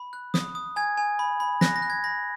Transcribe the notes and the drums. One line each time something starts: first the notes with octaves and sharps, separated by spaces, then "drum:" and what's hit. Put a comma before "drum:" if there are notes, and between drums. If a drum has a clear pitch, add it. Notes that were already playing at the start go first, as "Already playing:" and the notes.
Already playing: B5
F#6
D#6, drum: snare
D#6
G#5 G#6
G#5
B5
B5
F#6 A#6, drum: snare
A#6
F#6
G#6
B5 A#6